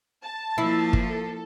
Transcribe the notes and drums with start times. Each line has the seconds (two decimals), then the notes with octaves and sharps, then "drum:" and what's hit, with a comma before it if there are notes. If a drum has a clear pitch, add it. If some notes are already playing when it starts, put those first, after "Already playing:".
0.23 A5
0.58 F3 A#3 E4
0.93 drum: kick
1.03 A4